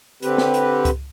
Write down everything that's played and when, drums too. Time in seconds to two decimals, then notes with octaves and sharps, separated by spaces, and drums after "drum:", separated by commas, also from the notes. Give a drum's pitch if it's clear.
0.22 D3 C4 G4 B4, drum: hi-hat
0.38 drum: snare
0.54 drum: hi-hat
0.85 drum: kick C#2, hi-hat